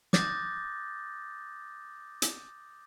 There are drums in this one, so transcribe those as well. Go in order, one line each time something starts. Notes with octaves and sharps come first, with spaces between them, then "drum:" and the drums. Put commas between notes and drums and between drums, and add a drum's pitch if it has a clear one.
D6 D#6 F#6 G6 A6 A#6, drum: snare
drum: hi-hat